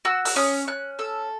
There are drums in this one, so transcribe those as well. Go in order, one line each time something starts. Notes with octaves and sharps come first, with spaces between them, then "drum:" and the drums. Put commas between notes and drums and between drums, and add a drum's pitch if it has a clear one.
F#4 E6
E6, drum: open hi-hat
C#4 D#6
C#4 F#6
A4 E6